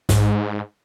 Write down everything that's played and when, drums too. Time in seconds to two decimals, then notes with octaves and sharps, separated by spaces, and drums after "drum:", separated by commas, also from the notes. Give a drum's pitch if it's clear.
0.09 G#2, drum: snare